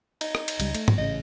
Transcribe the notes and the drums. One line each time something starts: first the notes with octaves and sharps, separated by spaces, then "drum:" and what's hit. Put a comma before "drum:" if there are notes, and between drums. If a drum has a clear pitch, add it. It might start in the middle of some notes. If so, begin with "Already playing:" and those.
D#4, drum: cymbal
drum: rim click
drum: cymbal
C#2 G3, drum: cymbal
A3, drum: cymbal
drum: tom G#2
A1 C#3 D#5